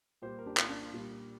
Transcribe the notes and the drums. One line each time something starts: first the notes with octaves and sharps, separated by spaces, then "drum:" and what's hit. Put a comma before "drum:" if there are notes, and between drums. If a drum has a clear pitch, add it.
A#2 G3 A#3 G4 C5
A#4
D4 G4
F4, drum: clap
D4
F4
A#2 G3 A#3